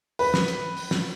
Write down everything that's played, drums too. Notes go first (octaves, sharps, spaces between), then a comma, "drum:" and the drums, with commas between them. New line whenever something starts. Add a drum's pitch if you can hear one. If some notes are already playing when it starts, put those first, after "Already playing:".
B4, drum: open hi-hat
drum: snare
drum: hi-hat
drum: open hi-hat
drum: snare